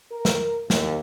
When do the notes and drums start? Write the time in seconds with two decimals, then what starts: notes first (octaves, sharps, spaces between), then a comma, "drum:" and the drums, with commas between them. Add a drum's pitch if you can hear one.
0.12 A#4
0.25 drum: snare
0.70 D#2, drum: snare